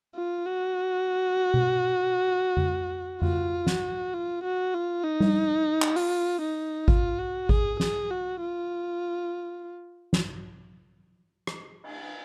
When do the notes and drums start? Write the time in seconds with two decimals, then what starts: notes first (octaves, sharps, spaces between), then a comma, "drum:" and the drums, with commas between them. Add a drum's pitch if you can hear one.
0.15 F4
0.46 F#4
1.54 drum: tom B2
2.57 drum: tom F2
3.22 F4, drum: tom F2
3.67 F#4, drum: snare
4.13 F4
4.44 F#4
4.74 F4
5.04 D#4
5.20 drum: tom G3
5.82 drum: clap
5.96 F4, drum: open hi-hat
6.42 D#4
6.88 F4, drum: kick G#1
7.19 F#4
7.49 G#4, drum: kick G#1
7.80 G#4, drum: snare
8.11 F#4
8.41 F4
10.13 drum: snare
11.47 drum: rim click
11.84 drum: cymbal